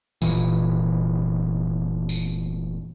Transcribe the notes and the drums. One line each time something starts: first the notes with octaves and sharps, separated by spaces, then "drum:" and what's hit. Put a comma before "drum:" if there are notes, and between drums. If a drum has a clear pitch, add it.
F1 C#2 A#2 E3, drum: tambourine
drum: tambourine